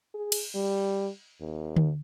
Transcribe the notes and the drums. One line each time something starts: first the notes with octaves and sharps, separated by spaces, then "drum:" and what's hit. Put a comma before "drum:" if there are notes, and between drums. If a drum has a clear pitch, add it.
G#4
drum: cymbal
G3
D#2
drum: tom D3